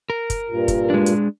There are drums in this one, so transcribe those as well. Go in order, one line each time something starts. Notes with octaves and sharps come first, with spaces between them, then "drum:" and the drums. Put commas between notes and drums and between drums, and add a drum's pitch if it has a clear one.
A#4
drum: kick, hi-hat
G2 A#2
drum: kick, hi-hat
G#3 D4
drum: hi-hat